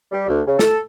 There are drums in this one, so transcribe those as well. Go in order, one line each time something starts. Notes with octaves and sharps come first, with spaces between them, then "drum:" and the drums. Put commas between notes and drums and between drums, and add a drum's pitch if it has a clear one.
G3
D2
C#3
A4, drum: snare